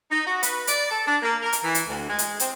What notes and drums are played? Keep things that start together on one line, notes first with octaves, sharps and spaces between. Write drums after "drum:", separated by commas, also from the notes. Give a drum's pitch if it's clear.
D#4
F#4
B4, drum: hi-hat
D5, drum: hi-hat
A4
D4
A#3
A#4
drum: hi-hat
E3
drum: hi-hat
D2
G#3
drum: hi-hat
C4, drum: hi-hat